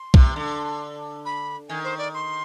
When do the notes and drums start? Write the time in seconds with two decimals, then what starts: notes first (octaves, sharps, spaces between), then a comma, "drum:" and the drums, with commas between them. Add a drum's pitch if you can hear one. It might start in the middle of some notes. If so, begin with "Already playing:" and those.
Already playing: C6
0.14 C3, drum: kick B1
0.36 D3
1.25 B5
1.69 D#3 G#5
1.84 C5
1.98 D5
2.14 C6